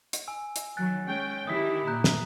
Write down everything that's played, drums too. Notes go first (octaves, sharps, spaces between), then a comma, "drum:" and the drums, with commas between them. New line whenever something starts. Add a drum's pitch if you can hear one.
drum: hi-hat
G#5 E6
drum: hi-hat
D#3 F#3 G#5 F#6 A6
G#3 C#4 G5
D#3 E4 G4 D#6 B6
A#2 A#5 F#6 G6
drum: snare